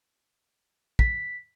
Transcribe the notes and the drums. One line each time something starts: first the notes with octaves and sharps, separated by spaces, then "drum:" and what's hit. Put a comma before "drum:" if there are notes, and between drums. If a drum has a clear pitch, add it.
B6, drum: kick